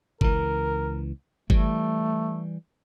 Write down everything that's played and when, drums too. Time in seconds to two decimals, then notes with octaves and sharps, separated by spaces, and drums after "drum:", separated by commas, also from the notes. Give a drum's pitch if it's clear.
0.21 C#2 E3 A#4, drum: kick G1
1.50 E3 G3 A3, drum: kick G1